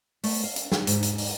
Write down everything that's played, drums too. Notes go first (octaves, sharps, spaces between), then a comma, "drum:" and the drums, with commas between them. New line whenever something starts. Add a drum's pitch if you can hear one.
A3, drum: open hi-hat
F5
drum: hi-hat
drum: snare
G#2, drum: hi-hat
drum: hi-hat
drum: open hi-hat